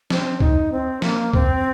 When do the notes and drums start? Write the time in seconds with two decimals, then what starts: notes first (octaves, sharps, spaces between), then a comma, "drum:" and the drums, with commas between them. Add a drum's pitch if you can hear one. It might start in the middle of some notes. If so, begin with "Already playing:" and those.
0.10 C4, drum: snare
0.40 D#4, drum: kick
0.72 C4
1.02 A#3, drum: snare
1.33 C4, drum: kick